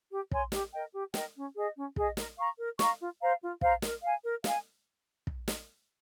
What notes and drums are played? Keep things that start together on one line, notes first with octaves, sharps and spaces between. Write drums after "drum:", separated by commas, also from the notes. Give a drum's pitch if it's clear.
G4
C#5 G#5 C6, drum: kick
G4, drum: snare
A#4 D#5 G5
G4
A#4 D#5 G5, drum: snare
C#4
G#4 D#5
C#4
G#4 D#5, drum: kick
A#4, drum: snare
F5 A#5 C#6
A#4
F5 A#5 C#6, drum: snare
F4
C5 F5 A#5
F4
C5 F5 A#5, drum: kick
A#4, drum: snare
F5 G#5
A#4
F5 G#5, drum: snare
drum: kick
drum: snare